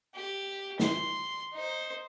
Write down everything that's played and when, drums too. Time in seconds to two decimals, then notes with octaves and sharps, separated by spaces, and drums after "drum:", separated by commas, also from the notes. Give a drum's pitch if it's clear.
0.15 G4
0.80 C6, drum: snare
1.54 D#4 C5